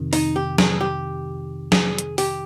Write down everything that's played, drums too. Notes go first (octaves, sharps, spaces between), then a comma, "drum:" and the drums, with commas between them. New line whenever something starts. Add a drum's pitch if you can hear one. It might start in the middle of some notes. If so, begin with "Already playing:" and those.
Already playing: F2 C3 D#3
D#4, drum: open hi-hat
G4
G#4, drum: snare
G4
G#4, drum: snare
drum: hi-hat
G4, drum: open hi-hat